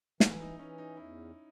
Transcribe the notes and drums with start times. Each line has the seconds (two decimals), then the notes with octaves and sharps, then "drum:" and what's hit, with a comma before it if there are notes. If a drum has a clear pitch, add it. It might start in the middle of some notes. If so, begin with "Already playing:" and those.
0.20 E3 E4, drum: snare
0.40 D#4
0.59 E3 C#4
0.78 D#4
0.97 E2 E4